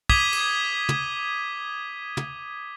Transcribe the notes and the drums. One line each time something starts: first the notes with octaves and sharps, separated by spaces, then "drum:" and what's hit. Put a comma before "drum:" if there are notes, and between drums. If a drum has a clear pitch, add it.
D6 D#6 G#6 B6 D#7 G7, drum: kick
drum: cymbal
drum: tom
drum: tom